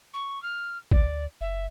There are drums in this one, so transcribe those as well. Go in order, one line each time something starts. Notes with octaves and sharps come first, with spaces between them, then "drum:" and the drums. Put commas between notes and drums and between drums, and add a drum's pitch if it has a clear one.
C#6
F6
D2 D5, drum: kick
F#1 E5